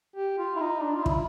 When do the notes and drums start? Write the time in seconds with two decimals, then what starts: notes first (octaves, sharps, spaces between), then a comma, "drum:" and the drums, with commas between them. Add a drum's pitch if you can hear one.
0.16 G4
0.38 F4
0.56 E4
0.61 D#4
0.83 D4
0.95 F4
1.06 E4, drum: kick